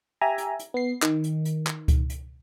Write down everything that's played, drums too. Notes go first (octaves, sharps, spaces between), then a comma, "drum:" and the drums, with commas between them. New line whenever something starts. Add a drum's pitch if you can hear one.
G4 E5 G#5 A#5
drum: hi-hat
drum: hi-hat
B3 C7
D#3, drum: clap
drum: hi-hat
drum: hi-hat
drum: clap
drum: kick C#2, hi-hat
drum: hi-hat